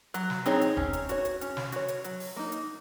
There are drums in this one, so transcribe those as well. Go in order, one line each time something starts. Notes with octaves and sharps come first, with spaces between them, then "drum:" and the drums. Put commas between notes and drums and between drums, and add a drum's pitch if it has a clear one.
F#3, drum: hi-hat
drum: snare
C4 D#4 G#4 C#5, drum: hi-hat
drum: hi-hat
C#4, drum: kick E1
drum: hi-hat
F#4 C#5, drum: hi-hat
drum: hi-hat
C#4, drum: hi-hat
drum: snare
F#4 C#5, drum: hi-hat
drum: hi-hat
F#3, drum: hi-hat
drum: open hi-hat
A#3 D#4
drum: hi-hat